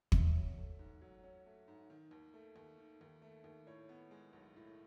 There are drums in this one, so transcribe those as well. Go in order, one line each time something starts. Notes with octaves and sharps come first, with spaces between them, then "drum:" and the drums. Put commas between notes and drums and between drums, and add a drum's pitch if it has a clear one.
F#3 E5, drum: kick
C#4
A3
G#2
F#3
C#4
A3
G#2
D#3
D#2
A3
D#2
D#3
D#2
A3
D#2
A2 C#5
B3
G#3
B1
A2